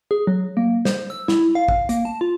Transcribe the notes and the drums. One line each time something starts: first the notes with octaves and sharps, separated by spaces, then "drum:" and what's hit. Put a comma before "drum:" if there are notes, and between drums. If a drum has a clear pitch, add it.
G#4
F#3
A#3
C5, drum: snare
E6
E4, drum: snare
F5
drum: kick
A#3, drum: hi-hat
A5
F4